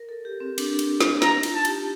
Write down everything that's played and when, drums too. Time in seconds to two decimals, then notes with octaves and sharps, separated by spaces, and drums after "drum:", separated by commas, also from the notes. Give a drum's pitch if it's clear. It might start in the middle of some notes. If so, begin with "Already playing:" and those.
Already playing: A#4
0.09 A4
0.25 G4
0.40 C4
0.58 D4, drum: cymbal
0.79 drum: cymbal
1.01 drum: snare
1.22 D#4 A#5, drum: snare
1.43 F4, drum: cymbal
1.55 A5
1.65 G4, drum: cymbal